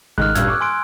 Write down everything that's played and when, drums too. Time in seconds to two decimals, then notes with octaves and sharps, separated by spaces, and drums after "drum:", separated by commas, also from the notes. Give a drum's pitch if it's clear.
0.18 G#2 D#3 F6 F#6, drum: kick G#1
0.35 D#1 G2 E6 F#6 G#6, drum: snare
0.48 C#6 D6
0.61 G#5 C6 D7